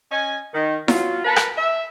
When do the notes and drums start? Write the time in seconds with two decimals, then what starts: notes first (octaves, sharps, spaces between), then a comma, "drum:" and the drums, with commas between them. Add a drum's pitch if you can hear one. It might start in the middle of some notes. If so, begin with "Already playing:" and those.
0.11 C#4 D#5 G#5
0.54 D#3
0.88 F#3 F4, drum: snare E4
1.25 A#4 B4 F#5 A5 B5
1.36 drum: rim click
1.57 E5